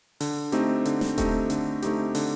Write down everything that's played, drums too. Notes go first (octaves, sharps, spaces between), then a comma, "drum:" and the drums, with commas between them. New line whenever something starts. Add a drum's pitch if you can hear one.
D3, drum: open hi-hat
A3 C4 D#4 G4, drum: hi-hat
D3, drum: hi-hat
drum: snare
A3 C4 D#4 G4, drum: kick D#1, hi-hat
D3, drum: hi-hat
A3 C4 D#4 G4, drum: hi-hat
D3, drum: open hi-hat